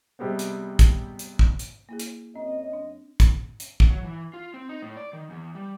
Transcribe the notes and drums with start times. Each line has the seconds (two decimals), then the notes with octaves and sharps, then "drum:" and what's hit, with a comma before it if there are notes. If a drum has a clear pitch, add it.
0.19 C3 G3 G#3 B3 C4
0.39 drum: hi-hat
0.79 drum: kick, hi-hat
1.19 drum: hi-hat
1.39 drum: kick
1.59 drum: hi-hat
1.89 A#3 E4 G#4
2.00 drum: hi-hat
2.36 F#2 C4 D#5
2.73 D4
3.20 drum: kick, hi-hat
3.60 drum: hi-hat
3.80 drum: kick
3.90 F#3
4.04 E3
4.34 F4
4.54 C4
4.69 D#4
4.82 A2
4.97 D5
5.13 D#3
5.30 E2
5.55 G3